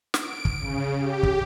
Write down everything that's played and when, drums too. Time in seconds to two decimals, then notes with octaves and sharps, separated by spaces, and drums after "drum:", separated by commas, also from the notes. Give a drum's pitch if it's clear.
0.14 D7, drum: snare
0.45 drum: kick
0.59 C#3
0.98 G4
1.23 drum: kick